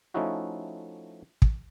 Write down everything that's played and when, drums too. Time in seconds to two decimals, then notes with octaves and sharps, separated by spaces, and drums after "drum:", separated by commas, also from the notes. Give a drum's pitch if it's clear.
0.14 F3 A3 C#4 D#4 E4 F#4
1.42 drum: kick